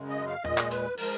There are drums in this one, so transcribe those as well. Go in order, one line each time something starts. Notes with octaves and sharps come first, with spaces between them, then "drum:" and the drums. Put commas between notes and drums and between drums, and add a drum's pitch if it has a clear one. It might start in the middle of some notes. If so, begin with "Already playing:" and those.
Already playing: F#2 C#3 G#3
D#5
F5
A#2 G#3 D#5, drum: tom
drum: clap
B4, drum: hi-hat
F3 G#3 A#4, drum: open hi-hat